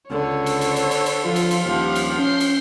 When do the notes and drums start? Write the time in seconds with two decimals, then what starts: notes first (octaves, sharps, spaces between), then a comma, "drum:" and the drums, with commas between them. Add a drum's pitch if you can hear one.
0.11 C#2 D3 C#5
0.46 drum: cymbal
0.61 drum: cymbal
0.76 drum: cymbal
0.91 drum: cymbal
1.06 drum: cymbal
1.26 F3 F4 A4
1.36 drum: cymbal
1.51 drum: cymbal
1.66 D#1 F3 G4 F5 F#5
1.95 drum: cymbal
2.19 C#4 G6 C7
2.40 drum: cymbal